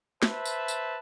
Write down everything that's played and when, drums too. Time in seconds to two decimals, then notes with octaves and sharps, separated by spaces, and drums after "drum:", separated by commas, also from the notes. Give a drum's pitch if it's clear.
0.23 B4 C5 E5 A5, drum: snare
0.45 drum: tambourine
0.68 drum: tambourine